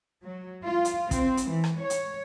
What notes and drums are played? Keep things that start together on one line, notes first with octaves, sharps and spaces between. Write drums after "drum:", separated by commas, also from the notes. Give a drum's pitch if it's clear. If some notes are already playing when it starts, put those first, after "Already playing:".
F#3
F4
drum: hi-hat
C4, drum: kick, hi-hat
drum: hi-hat
E3
drum: rim click
C#5
drum: hi-hat